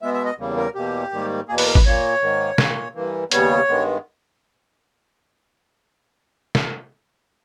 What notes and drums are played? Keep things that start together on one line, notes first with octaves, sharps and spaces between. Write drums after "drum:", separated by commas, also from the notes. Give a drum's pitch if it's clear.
B2 G#3 B3 E5
E5
D#5
E2 C#3 G3 A#3
A#4
E2 B2 A#3 G4
G#2 D#3 G3 A#3
E2 B2 A#3 G#4
B4, drum: open hi-hat
A#4
B4, drum: kick G#1
A#2 A#3 C#5
G#2 D#3 A#3
A#2 A#3, drum: snare
G2 E3 A#3
D#2 C#3 G3 B3 C#5, drum: hi-hat
G2 D#3 G#3 B3
drum: snare